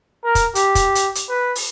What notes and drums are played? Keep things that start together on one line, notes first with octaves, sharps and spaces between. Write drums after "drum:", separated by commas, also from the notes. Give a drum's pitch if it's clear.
A#4
drum: kick, hi-hat
G4, drum: hi-hat
drum: kick, hi-hat
drum: hi-hat
drum: hi-hat
B4
drum: open hi-hat